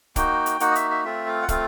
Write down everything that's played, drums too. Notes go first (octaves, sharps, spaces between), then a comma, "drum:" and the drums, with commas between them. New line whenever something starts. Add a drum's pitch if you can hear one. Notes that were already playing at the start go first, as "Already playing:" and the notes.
A#3 D#4 F#4 G5, drum: kick, hi-hat
drum: hi-hat
A#3 D#4 F#4 F#5, drum: hi-hat
D#5
E5, drum: hi-hat
E5
A3 C4 F4 E5
F5
F#5
A3 C4 F4 F5, drum: kick, hi-hat